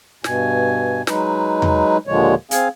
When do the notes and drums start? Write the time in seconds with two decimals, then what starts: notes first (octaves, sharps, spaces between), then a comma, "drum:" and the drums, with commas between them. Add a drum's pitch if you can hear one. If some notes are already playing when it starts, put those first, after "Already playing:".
0.24 G2 B2 G#5, drum: snare
1.07 F#3 G#3 D#4 B4, drum: snare
1.62 drum: tom E2
2.07 D#2 A#2 D3 F3 G#3 C#5
2.51 C4 G#4 F5 G#5, drum: hi-hat